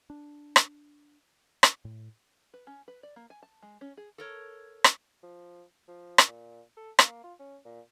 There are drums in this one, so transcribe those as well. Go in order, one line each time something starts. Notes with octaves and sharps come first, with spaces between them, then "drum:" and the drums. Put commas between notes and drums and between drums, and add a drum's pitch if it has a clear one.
D4
drum: rim click
drum: rim click
A2
B4
C#4
B4
D5
A#3
G#5
A5
G#3
C#4
G#4
A4 A#4 C#5
drum: rim click
F3
F3
drum: rim click
A#2
A4
A#3, drum: rim click
F4
C#4
A#2